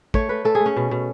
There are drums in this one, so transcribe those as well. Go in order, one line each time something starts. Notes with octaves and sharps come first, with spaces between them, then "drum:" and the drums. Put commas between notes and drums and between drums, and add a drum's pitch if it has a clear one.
A3 C#5, drum: kick
A3 B4
A3 A4
G#4
A3
C#4
B2
B2